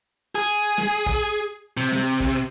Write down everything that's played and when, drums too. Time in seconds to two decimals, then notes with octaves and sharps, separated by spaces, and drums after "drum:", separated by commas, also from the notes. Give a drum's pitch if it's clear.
0.35 G#4
0.78 drum: snare
1.06 drum: kick
1.77 C3
1.92 drum: snare
2.20 drum: kick